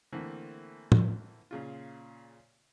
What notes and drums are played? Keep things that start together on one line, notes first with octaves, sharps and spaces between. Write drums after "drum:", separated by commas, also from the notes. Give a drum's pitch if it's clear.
D3 E3 A3 A#3 C4
drum: tom
A#2 C#3 F4